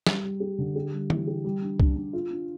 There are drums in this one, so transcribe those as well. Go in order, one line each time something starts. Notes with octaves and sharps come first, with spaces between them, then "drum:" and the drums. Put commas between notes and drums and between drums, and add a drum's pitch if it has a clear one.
G3, drum: snare
G3
G4
D3
G4
G3
E3, drum: tom
G4
G3
D4
D4, drum: kick C#2
D4
F4
D4